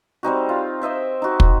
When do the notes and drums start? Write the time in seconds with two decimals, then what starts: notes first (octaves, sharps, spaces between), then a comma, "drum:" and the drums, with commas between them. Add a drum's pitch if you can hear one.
0.23 G3 C4 D#4 F#4
0.49 F4
0.82 C5 D#5 E5 G5
1.22 D#4 F#4
1.40 drum: kick